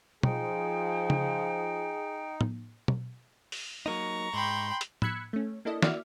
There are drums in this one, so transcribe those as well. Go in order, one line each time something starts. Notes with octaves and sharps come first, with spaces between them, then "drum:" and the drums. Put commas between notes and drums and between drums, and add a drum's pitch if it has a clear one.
F3 D#4 G#4 G5, drum: tom
drum: tom C#3
drum: tom
drum: tom
drum: open hi-hat
F#3 A#3 D#4 A#5 C#6
G#2 G5 B5 C6
drum: hi-hat
B5 E6 F#6 G#6 B6 C#7, drum: tom
A3 C#4
A#3 D4 E4 A4 D#5
A#3 E4 F#4 D5 E5 F6, drum: snare